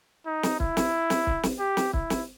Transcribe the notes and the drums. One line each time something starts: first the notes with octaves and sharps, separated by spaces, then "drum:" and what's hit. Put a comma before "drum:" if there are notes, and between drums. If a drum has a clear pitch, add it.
D#4
drum: snare
E4, drum: kick
drum: snare
drum: snare
drum: kick
drum: snare
G4
drum: snare
E4, drum: kick
drum: snare